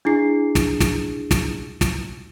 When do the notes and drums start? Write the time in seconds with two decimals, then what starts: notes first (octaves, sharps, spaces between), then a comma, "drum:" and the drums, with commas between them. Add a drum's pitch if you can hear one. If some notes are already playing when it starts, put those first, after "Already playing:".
0.05 D4 E4 G#4 C7
0.55 drum: snare
0.80 drum: snare
1.31 drum: snare
1.81 drum: snare